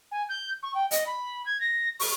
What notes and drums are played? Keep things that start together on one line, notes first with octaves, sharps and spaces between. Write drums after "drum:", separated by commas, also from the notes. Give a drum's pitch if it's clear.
G#5
G6
C#6
G5
D#5, drum: hi-hat
B5
G#6
A#6
C#6, drum: open hi-hat